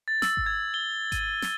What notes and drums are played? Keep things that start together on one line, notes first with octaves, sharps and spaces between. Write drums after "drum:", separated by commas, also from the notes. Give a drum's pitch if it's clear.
A6
E6, drum: snare
drum: kick G#1
G#6
G7
D#7, drum: kick G#1, hi-hat
drum: snare